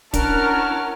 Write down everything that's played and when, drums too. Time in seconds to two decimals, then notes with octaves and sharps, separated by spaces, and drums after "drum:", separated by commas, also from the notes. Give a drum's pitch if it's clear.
0.13 C#4 D4 E4 A#4 F#5 A5 F6, drum: kick D1, hi-hat